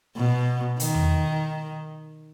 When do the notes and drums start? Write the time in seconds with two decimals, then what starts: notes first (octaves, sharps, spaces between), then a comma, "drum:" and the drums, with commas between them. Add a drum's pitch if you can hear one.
0.16 B2
0.80 D#3, drum: hi-hat
0.94 drum: tom E2